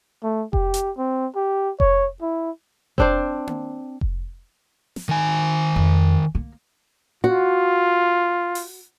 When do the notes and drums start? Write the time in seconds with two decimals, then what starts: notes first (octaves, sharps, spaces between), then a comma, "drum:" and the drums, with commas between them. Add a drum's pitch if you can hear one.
0.23 A3
0.53 G4, drum: kick F1
0.74 drum: hi-hat
0.98 C4
1.36 G4
1.80 C#5, drum: kick F1
2.21 E4
2.98 C4 D4 C5, drum: kick F1
3.47 drum: tom A#3
4.01 drum: kick F1
4.96 drum: snare
5.09 D#3 G#5
5.76 F2
6.35 A#3
7.24 F4 F#4
8.55 drum: open hi-hat